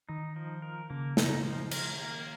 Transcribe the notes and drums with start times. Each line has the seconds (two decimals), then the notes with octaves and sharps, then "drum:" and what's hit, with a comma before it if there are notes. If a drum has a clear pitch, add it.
0.09 D#3 D#4
0.36 F3
0.62 A#4
0.90 C#3 A#3
1.17 D#4, drum: snare
1.44 F3
1.71 A#4, drum: cymbal
1.98 A#3